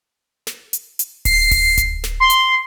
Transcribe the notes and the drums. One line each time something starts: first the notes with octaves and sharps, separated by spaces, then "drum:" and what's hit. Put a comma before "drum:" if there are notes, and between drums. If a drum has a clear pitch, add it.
drum: snare
drum: hi-hat
drum: hi-hat
C7, drum: kick D1, open hi-hat
drum: kick D1, open hi-hat
drum: kick D1, hi-hat
drum: snare
C6
drum: hi-hat